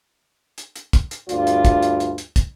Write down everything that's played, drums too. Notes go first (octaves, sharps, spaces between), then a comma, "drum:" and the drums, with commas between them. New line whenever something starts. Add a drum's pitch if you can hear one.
drum: hi-hat
drum: hi-hat
drum: kick, hi-hat
drum: hi-hat
D2 G2 F4 D5, drum: hi-hat
drum: hi-hat
drum: kick, hi-hat
drum: hi-hat
drum: hi-hat
drum: hi-hat
drum: kick, hi-hat